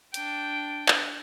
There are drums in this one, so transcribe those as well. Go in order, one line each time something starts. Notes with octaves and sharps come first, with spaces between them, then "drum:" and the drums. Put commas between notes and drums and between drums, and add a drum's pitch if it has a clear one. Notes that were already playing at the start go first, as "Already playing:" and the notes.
D4 G5, drum: hi-hat
drum: clap